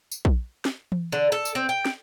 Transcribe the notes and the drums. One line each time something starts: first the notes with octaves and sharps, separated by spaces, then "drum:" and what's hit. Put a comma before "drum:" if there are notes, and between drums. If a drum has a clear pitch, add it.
drum: tambourine
drum: kick A#1
drum: snare
drum: tom E3
D3
A4
drum: tambourine
C4
G5
drum: snare